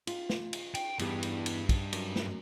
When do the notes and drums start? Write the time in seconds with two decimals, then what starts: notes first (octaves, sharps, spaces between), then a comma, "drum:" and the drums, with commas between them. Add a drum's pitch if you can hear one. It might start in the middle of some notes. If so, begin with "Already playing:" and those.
0.07 F4, drum: cymbal
0.29 drum: snare
0.53 drum: cymbal
0.75 G5, drum: cymbal
0.99 E2 G2 G3, drum: cymbal
1.23 drum: cymbal
1.46 drum: cymbal
1.69 drum: kick, cymbal
1.93 F#2, drum: cymbal
2.16 drum: snare